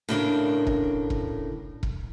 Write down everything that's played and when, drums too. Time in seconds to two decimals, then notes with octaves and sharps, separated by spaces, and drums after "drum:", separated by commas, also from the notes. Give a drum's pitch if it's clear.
0.09 A2 C#3 D4 A#4
0.67 drum: kick E1
1.10 drum: kick E1
1.83 drum: kick E1